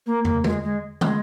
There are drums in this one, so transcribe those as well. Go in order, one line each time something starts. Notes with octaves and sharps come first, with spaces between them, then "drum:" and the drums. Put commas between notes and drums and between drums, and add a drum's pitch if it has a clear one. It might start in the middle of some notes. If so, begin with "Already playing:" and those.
A#3
A#3, drum: tom
G#3, drum: tom D3
G#3
G#3, drum: tom